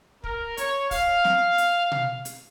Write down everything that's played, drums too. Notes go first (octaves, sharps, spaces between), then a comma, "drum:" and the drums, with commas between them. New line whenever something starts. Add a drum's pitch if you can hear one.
A#4, drum: kick
C#5, drum: hi-hat
F5, drum: kick, open hi-hat
drum: snare
drum: hi-hat
drum: tom B2
drum: hi-hat